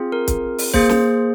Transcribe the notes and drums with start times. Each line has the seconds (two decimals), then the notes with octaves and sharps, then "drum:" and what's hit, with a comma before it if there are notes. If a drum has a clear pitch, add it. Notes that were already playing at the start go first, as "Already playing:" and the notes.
Already playing: C4 F4 G#4
0.12 A#4
0.28 drum: kick, hi-hat
0.58 drum: open hi-hat
0.74 A#3 G#4 C5, drum: kick
0.89 drum: snare